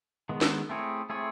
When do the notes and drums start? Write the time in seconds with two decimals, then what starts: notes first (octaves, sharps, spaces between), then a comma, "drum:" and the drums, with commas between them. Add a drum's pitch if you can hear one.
0.29 D#3 G#3 B3
0.41 drum: snare
0.69 A3 C4 E4 G#4 C#5
1.10 A3 C4 E4 G#4 C#5